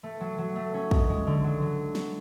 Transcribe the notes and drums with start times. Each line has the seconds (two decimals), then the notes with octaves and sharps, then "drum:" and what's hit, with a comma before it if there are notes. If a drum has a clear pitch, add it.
0.03 A3
0.20 F#3
0.38 F#3
0.56 A3
0.74 C#4
0.91 G#3, drum: kick
1.09 G#3
1.27 D3
1.44 F#3
1.62 F#3
1.95 drum: snare